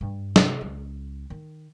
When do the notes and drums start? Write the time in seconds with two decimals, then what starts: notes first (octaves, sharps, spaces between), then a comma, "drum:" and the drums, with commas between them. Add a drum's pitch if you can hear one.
0.01 G2
0.36 C3, drum: snare
0.61 C#2 F4
1.30 D#3